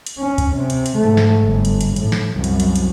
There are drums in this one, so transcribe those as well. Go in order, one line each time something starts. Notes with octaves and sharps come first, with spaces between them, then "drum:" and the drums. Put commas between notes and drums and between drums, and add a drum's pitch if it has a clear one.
drum: hi-hat
C#4
drum: kick, hi-hat
C3
drum: hi-hat
drum: hi-hat
G#2 A3
drum: snare
G1
drum: hi-hat
drum: hi-hat
A2, drum: hi-hat
drum: snare
C2 F#2
drum: hi-hat
drum: hi-hat
drum: hi-hat